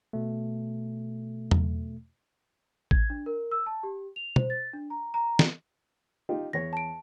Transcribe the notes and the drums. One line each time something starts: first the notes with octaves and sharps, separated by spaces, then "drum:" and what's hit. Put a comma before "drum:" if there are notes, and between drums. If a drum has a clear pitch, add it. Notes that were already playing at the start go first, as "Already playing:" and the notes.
B2 A3
drum: tom E2
G#6, drum: kick A1
D4
A#4
E6
A5
G4
F7
C5, drum: tom
A6
D4
A#5
A#5
drum: snare
D#4 F4 G4
E2 C#5 A#6
A5 D7